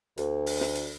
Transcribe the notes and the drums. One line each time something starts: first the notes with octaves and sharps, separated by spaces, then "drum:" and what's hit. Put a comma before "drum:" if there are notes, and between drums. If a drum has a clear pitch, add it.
D2, drum: hi-hat
drum: open hi-hat
drum: snare
drum: hi-hat